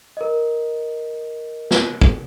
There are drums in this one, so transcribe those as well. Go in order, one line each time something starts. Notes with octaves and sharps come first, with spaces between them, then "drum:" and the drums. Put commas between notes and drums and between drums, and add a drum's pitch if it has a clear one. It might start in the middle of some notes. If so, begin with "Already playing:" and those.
A#4 D#5
drum: snare
drum: kick